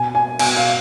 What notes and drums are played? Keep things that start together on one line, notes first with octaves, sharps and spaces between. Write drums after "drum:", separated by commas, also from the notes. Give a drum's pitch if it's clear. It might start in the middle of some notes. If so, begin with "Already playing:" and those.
Already playing: B2 G#5
G#5
B2 G#5, drum: cymbal
F5